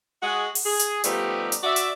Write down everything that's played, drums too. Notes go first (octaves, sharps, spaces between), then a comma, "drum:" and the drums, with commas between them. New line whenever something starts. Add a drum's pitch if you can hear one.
G#3 F#4 G#4
drum: open hi-hat
G#4
drum: hi-hat
F3 G3 A3 B3 D#4 G4, drum: hi-hat
drum: hi-hat
F#4 D5 E5
drum: hi-hat